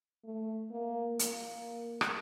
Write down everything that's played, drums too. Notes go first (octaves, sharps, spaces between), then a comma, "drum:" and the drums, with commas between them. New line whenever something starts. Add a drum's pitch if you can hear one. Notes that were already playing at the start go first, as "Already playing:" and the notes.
A3
A#3
A#3, drum: hi-hat
drum: rim click